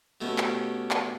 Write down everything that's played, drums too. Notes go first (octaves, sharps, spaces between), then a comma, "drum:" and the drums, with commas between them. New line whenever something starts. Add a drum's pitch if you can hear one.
B2 A3 B3 C#4 G4
drum: clap
drum: clap